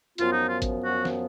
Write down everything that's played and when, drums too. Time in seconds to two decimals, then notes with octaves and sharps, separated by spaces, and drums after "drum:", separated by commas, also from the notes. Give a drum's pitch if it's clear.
0.18 F#2 F3 B3 F4, drum: hi-hat
0.32 D#4
0.46 F4
0.62 drum: kick, hi-hat
0.83 F#4
1.05 drum: snare